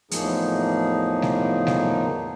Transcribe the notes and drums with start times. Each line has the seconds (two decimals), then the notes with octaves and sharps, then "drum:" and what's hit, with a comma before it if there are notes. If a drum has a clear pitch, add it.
0.11 E2 A2 F3 A#3 D#4 G#4, drum: hi-hat
1.22 drum: snare G3
1.67 drum: snare G3